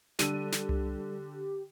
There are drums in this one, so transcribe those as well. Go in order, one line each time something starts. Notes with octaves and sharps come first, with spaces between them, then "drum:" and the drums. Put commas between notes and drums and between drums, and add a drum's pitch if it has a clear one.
D3 G3 G4 A4 D#7, drum: snare
drum: snare
drum: tom C2